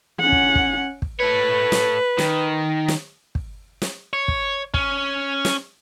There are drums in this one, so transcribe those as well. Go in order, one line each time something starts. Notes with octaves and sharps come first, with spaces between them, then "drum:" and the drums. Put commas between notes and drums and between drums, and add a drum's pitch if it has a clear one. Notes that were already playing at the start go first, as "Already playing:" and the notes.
C#4 F#5
drum: kick
drum: kick
drum: kick
A3 B4 C#5
drum: snare
D#3, drum: snare
drum: snare
drum: kick
drum: snare
C#5
drum: kick
C#4, drum: kick
drum: snare